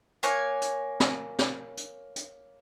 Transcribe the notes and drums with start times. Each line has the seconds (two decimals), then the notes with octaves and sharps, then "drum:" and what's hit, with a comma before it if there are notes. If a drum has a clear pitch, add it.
0.23 A#3 C#5 G#5 F#6, drum: hi-hat
0.62 drum: hi-hat
1.00 drum: snare
1.39 drum: snare
1.77 drum: hi-hat
2.16 drum: hi-hat